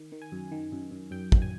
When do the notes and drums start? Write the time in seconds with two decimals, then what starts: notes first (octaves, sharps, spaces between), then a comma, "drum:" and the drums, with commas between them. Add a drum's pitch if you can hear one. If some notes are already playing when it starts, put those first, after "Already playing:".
Already playing: D#3
0.12 D#3
0.22 G#5
0.32 F#2
0.52 D#3
0.72 F#2
0.91 F#2
1.11 F#2 G5
1.32 F#2, drum: kick
1.42 G#5